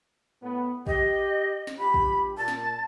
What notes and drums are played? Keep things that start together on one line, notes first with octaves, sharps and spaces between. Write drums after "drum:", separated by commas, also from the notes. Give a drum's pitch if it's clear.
A2 B3
G4 D#5, drum: kick
drum: snare
G2 F4 G4 B5
drum: kick
A#2 A5
drum: snare